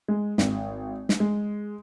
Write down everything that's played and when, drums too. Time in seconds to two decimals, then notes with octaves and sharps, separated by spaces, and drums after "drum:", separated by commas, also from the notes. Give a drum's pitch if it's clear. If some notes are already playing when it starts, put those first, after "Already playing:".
0.08 G#3
0.38 G#1, drum: snare
1.09 drum: snare
1.20 G#3